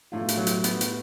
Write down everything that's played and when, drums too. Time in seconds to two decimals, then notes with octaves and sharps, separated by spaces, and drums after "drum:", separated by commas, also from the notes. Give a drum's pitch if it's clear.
0.12 A2 F4
0.21 B2
0.29 A2, drum: hi-hat
0.37 F#3
0.47 drum: hi-hat
0.64 B3, drum: hi-hat
0.81 drum: hi-hat